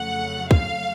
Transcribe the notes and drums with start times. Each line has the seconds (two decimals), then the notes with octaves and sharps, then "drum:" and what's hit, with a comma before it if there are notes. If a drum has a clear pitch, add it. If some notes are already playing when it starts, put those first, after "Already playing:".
Already playing: F2 C#3 F#3 A3 F#5
0.51 F5, drum: kick